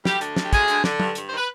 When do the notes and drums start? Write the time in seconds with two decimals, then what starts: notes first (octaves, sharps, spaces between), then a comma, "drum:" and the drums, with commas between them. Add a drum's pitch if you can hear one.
0.05 D2 G3 G4, drum: snare
0.21 D3, drum: hi-hat
0.36 D2, drum: snare
0.43 G4
0.53 D2 G#3 G#4, drum: kick, hi-hat
0.68 D3, drum: hi-hat
0.84 D3, drum: snare
1.00 G2, drum: tom
1.15 G2, drum: hi-hat
1.27 D#3 C5
1.37 B4